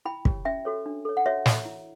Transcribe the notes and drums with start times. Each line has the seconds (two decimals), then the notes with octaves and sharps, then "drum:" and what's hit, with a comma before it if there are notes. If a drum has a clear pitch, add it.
0.05 E4 G5 B5
0.25 G4 C#5, drum: kick
0.45 C#4 E5 G5
0.65 F#4 A4 C#5
0.86 D4
1.05 A4 C#5
1.17 F#5
1.26 F#4 C#5 E5
1.46 C#5, drum: snare
1.65 E4